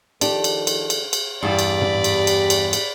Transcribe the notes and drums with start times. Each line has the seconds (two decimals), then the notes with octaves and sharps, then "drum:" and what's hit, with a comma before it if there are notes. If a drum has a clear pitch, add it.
0.21 D#3 F3 D4 G4 A4, drum: cymbal
0.44 drum: cymbal
0.67 drum: cymbal
0.90 drum: cymbal
1.13 drum: cymbal
1.43 E2 G2 G4 D5 B5
1.59 drum: cymbal
1.81 drum: tom
2.04 drum: cymbal
2.27 drum: cymbal
2.50 drum: cymbal
2.73 drum: cymbal